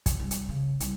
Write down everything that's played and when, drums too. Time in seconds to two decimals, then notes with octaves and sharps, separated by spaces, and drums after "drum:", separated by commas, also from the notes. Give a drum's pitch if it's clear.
0.06 drum: kick, hi-hat
0.19 C2
0.31 drum: hi-hat
0.49 C#3
0.80 C2, drum: hi-hat